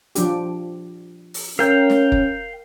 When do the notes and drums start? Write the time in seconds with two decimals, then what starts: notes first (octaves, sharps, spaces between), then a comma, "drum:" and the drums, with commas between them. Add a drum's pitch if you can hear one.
0.15 F3 D4 G4, drum: hi-hat
1.34 drum: open hi-hat
1.59 C#4 A#4 F5 G5
1.90 drum: snare
2.12 drum: kick